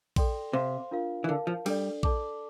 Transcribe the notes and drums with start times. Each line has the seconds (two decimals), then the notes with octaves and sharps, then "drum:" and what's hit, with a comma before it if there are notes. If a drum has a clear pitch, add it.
0.16 A4 D5 G5 C6, drum: kick A#1, cymbal
0.53 C3 C5 F5 C6
0.91 D4 F4 A#4 F5
1.24 E3
1.29 D3 A#4 F5 A5
1.47 F3
1.66 G3 D4 A4 D5, drum: cymbal
2.03 A4 D5 A5 D6, drum: kick A#1